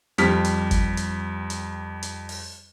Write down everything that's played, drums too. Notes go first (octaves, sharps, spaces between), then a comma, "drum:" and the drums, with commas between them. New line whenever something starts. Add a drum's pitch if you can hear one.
F2 G3 G4 F6 B6, drum: hi-hat
drum: hi-hat
drum: kick F#1, hi-hat
drum: hi-hat
drum: hi-hat
drum: hi-hat
drum: open hi-hat